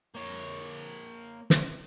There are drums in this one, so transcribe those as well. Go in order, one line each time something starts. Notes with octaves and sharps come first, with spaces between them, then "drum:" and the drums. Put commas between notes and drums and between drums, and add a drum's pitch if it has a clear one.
A#3 C#5
drum: snare